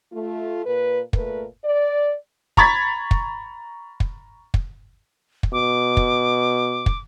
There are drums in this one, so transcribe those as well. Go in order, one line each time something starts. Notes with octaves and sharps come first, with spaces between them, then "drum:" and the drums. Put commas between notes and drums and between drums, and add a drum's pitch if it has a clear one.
A3 F4
A#2 A#4 B4
A#2 A3 A#4 B4, drum: kick
D5
A#5 B5 C#6 G#6 A6 B6, drum: kick
drum: kick
drum: kick
drum: kick
drum: kick
B2 D6
drum: kick
drum: kick